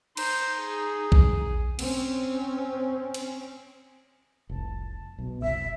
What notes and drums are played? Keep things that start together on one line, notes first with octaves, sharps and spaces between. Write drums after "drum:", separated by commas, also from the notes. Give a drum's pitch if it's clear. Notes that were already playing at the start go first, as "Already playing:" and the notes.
D#4 C5, drum: cymbal
G#4
drum: kick B1
C4 C#4, drum: cymbal
drum: cymbal
F1 C2 A5
B1 B2
F#1 C2 E5 E6